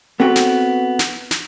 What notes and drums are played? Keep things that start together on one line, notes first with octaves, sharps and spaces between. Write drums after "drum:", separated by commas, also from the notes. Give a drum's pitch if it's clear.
B3 C4 F#4 A4 B4 G5
drum: snare
drum: snare
drum: snare